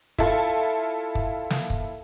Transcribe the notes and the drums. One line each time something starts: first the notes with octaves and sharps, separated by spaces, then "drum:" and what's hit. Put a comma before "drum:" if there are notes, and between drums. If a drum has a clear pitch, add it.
E4 F4 A4, drum: kick
drum: kick
drum: snare
drum: kick